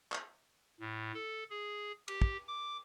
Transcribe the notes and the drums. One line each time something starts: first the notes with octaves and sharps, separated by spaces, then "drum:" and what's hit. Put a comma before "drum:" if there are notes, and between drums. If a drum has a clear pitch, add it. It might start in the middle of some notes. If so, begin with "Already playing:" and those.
drum: clap
A2
A4
G#4
G4, drum: cymbal
drum: kick
D6